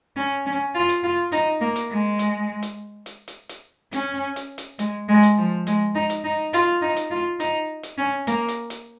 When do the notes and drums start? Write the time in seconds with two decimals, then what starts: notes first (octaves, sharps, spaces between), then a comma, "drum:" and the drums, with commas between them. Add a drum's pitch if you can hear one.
0.16 C#4
0.46 C#4
0.75 F4
0.89 drum: hi-hat
1.03 F4
1.32 D#4, drum: hi-hat
1.61 A#3
1.76 drum: hi-hat
1.91 G#3
2.19 drum: hi-hat
2.62 drum: hi-hat
3.06 drum: hi-hat
3.28 drum: hi-hat
3.49 drum: hi-hat
3.93 C#4, drum: hi-hat
4.36 drum: hi-hat
4.58 drum: hi-hat
4.79 G#3, drum: hi-hat
5.08 G#3
5.23 drum: hi-hat
5.38 F3
5.67 G#3, drum: hi-hat
5.95 D#4
6.10 drum: hi-hat
6.24 D#4
6.54 F4, drum: hi-hat
6.82 D#4
6.96 drum: hi-hat
7.11 F4
7.40 D#4, drum: hi-hat
7.83 drum: hi-hat
7.98 C#4
8.27 A#3, drum: hi-hat
8.48 drum: hi-hat
8.70 drum: hi-hat